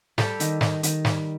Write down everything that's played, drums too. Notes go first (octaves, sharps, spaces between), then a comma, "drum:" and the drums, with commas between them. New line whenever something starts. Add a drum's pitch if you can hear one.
G3 G4 A4, drum: snare
D#3, drum: hi-hat
D#3, drum: snare
D#3, drum: hi-hat
G3, drum: snare